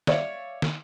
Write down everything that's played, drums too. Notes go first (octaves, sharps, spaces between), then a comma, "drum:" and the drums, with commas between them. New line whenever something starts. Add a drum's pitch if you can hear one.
C#5 D5 E5 F5, drum: snare
drum: snare